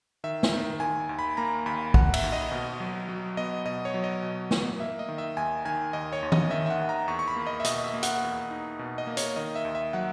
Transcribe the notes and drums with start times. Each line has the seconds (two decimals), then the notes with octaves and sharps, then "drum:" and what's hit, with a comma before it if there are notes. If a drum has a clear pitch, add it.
0.24 D#3 E5
0.43 drum: snare
0.52 D#3
0.80 D#2 G#5
1.09 D#2
1.19 B5
1.37 A#3 A#5
1.66 D#2 B5
1.94 D#2 F#5, drum: kick
2.14 E5, drum: cymbal
2.24 D#2
2.32 D#5
2.52 B2
2.80 F#3
3.09 F#3
3.37 B3 D#5
3.65 B2 D#5
3.85 C#5
3.94 F#3
4.04 D#5
4.22 B2
4.51 B2, drum: snare
4.80 A#3 E5
4.99 D#5
5.08 D#3
5.18 E5
5.37 D#2 G#5
5.65 D#3 G#5
5.93 D#2 D#5
6.13 C#5
6.23 D#2
6.32 D#5, drum: tom D#3
6.51 D#3 E5
6.66 E5
6.70 F#5
6.79 D#2
6.89 A#5
7.08 E2 C#6
7.19 C#6
7.28 B5
7.36 A#3
7.47 D#5
7.60 E5
7.64 B2 D#5, drum: hi-hat
7.84 E5
7.94 A#3
8.03 F#5, drum: hi-hat
8.22 E2
8.51 D#4
8.79 B2
8.98 D#5
9.07 A#3
9.17 C#5, drum: hi-hat
9.36 D#3 D#5
9.56 E5
9.65 D#2
9.75 E5
9.93 F#3 F#5